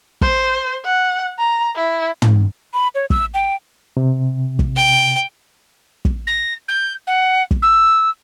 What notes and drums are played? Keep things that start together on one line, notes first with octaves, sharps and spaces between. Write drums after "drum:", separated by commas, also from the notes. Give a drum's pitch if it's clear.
C5, drum: kick
F#5
A#5
E4
drum: tom
B5
C#5
E6, drum: kick
G5
C3
drum: kick
G5
drum: kick
A#6
G6
F#5
drum: kick
E6